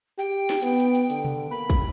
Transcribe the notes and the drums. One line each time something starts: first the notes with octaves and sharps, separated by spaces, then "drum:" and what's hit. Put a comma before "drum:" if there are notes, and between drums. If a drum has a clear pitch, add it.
G4 G5
drum: snare
B3, drum: hi-hat
drum: hi-hat
drum: hi-hat
D3, drum: hi-hat
drum: tom C3
A#3 B5
drum: kick, hi-hat